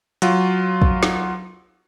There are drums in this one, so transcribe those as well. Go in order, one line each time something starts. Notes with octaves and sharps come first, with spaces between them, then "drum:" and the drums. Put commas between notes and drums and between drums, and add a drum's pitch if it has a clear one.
F#3 F4, drum: hi-hat
drum: kick
drum: snare